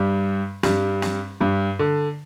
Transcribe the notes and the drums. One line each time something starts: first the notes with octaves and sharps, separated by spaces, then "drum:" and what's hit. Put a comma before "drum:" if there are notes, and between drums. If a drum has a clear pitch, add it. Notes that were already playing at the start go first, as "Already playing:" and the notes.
Already playing: G2 G3
G2 G3, drum: snare
drum: snare
G2 G3
D3